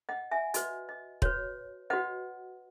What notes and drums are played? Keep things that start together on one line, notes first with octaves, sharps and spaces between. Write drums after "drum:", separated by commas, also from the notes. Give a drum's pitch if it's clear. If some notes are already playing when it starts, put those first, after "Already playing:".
D#5 F#5
E5 G#5
F#4 B4 D#5, drum: hi-hat
D#5
F#4 B4 C#5, drum: kick
F#4 B4 D#5 F#5